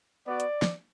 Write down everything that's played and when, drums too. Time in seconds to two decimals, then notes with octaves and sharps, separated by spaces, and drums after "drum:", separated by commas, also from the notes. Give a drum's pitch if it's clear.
0.27 B3 F#4 D5
0.40 drum: hi-hat
0.62 drum: snare